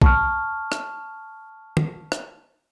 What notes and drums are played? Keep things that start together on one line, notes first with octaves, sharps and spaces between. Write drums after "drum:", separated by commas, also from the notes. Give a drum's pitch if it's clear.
A5 C#6 F6, drum: kick B1
drum: rim click
drum: tom
drum: rim click